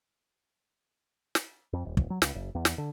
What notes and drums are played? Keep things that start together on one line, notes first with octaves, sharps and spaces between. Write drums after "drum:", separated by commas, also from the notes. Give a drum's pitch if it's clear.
drum: snare
F2
D#1
D#1, drum: kick
F#3
C#2, drum: snare
F#1
E2
drum: snare
D3